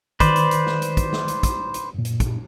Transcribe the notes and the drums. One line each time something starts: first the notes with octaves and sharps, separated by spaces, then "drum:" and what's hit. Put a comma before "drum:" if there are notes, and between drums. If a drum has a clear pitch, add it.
D#3 B4 C5 D5, drum: kick, hi-hat
drum: hi-hat
drum: hi-hat
drum: snare
drum: hi-hat
drum: kick, hi-hat
drum: snare
drum: hi-hat
drum: kick, hi-hat
drum: hi-hat
F#2 A#2
drum: hi-hat
drum: kick, hi-hat